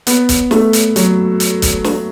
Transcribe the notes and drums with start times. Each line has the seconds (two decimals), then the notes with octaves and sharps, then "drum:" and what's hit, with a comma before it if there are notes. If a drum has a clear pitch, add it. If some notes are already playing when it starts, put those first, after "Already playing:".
0.07 B3, drum: hi-hat
0.29 drum: kick, hi-hat
0.51 A3, drum: snare
0.73 drum: hi-hat
0.96 F#3, drum: hi-hat
1.40 drum: hi-hat
1.62 drum: kick, hi-hat
1.84 drum: snare